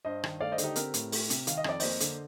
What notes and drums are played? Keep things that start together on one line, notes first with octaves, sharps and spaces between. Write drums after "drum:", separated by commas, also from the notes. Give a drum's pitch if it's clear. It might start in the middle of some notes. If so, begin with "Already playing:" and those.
G2 C5 D#5
D#3, drum: rim click
A3 D5 F5
C5 D#5
D3, drum: hi-hat
D#4 G4
C4 G4 A#4, drum: hi-hat
A2, drum: hi-hat
A3, drum: open hi-hat
C3, drum: hi-hat
D#3 F5, drum: hi-hat
D#5
F2 D5, drum: rim click
A#3 C5 D#5, drum: open hi-hat
D3, drum: hi-hat